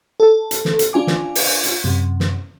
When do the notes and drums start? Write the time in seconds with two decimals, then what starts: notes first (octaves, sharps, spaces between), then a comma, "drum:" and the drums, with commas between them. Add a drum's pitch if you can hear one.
0.20 A4
0.51 drum: hi-hat
0.65 drum: snare
0.79 drum: hi-hat
0.93 D4 F4 G#5 D6
1.07 drum: snare
1.35 drum: open hi-hat
1.64 drum: hi-hat
1.84 F#2 C3
2.20 drum: snare